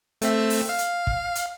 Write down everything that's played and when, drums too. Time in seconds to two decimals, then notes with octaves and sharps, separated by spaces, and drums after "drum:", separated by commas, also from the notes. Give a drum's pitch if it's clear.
0.21 A3 C4 E5, drum: hi-hat
0.50 drum: open hi-hat
0.69 F5
0.78 drum: hi-hat
1.07 drum: kick
1.35 drum: hi-hat